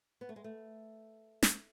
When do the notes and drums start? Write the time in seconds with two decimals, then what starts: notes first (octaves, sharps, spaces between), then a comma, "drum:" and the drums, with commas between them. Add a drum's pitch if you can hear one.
0.21 B3
0.29 A3
0.36 G#3
0.44 A3
1.43 drum: snare